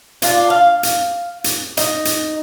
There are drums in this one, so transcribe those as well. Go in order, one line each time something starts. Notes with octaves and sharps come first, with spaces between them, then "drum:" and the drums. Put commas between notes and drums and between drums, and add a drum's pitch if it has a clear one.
D4 F4, drum: hi-hat
F5
drum: hi-hat
drum: hi-hat
D#4, drum: hi-hat
drum: hi-hat